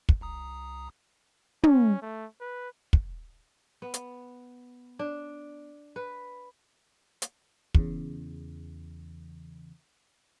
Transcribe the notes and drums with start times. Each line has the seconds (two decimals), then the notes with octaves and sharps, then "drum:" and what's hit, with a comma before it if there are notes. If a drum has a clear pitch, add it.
0.09 drum: kick
0.21 C2 A#5 D#6
1.63 C#4, drum: tom
2.02 A3
2.41 B4
2.93 drum: kick
3.82 B3
3.94 drum: hi-hat
4.99 D4
5.96 B4
7.22 drum: hi-hat
7.74 E2 C#3, drum: kick